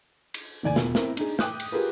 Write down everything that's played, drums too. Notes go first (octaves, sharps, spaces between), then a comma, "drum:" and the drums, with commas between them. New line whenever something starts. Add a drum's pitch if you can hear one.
drum: cymbal
F1 D#2 D5 G#5
E1 F4, drum: snare
C4 E4 A#4, drum: snare
D4 D#4 G#4, drum: cymbal
G5 D6 D#6 F#6 G6, drum: snare
drum: cymbal
F4 G4 G#4 A#4 B4